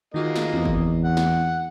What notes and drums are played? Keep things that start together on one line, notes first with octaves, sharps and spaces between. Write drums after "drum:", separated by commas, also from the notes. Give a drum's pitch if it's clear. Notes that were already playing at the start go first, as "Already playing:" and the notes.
D#3 G#3 A#3 F4 F#4 D#5
drum: snare
E2 C4
drum: kick G1
F#5
drum: snare